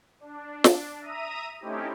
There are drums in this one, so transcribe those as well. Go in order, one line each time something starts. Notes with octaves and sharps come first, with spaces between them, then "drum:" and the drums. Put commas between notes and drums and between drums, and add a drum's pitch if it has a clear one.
D4
drum: snare
E5 A#5 D#6 D#7
A3 C4 C#4 D#4 E4 G4